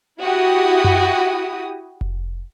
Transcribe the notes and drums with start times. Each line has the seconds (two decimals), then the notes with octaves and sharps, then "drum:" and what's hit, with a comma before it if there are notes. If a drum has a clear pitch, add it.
0.21 E4 F#4 G4 D#6
0.84 drum: tom F#2
2.01 drum: kick F1